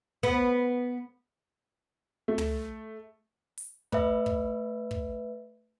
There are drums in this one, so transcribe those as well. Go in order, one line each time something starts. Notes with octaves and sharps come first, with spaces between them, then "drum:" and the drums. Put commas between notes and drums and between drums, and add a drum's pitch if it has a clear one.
B3, drum: kick
A3
drum: tom
drum: open hi-hat
A3 B4 E5, drum: kick
drum: kick
drum: kick